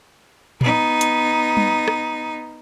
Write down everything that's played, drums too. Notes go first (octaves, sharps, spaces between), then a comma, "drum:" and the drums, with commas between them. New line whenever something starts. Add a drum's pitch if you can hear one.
B3 D#4, drum: tom
drum: hi-hat
drum: tom G3
drum: rim click